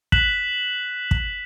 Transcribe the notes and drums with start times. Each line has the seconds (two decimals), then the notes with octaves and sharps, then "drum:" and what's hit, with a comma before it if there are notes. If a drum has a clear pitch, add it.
0.12 F#6 B6 E7 F#7, drum: kick
1.11 drum: kick